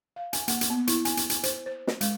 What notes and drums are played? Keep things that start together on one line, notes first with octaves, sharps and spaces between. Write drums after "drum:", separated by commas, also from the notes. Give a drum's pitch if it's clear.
F5
G#5, drum: hi-hat
A#3, drum: hi-hat
drum: hi-hat
B3
E4, drum: hi-hat
G#5, drum: hi-hat
drum: hi-hat
G#5, drum: hi-hat
C5, drum: hi-hat
C5
drum: snare
G#3, drum: hi-hat